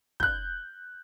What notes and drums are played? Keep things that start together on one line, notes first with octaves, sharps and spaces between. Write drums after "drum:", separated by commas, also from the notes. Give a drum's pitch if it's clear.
F#6 G6, drum: kick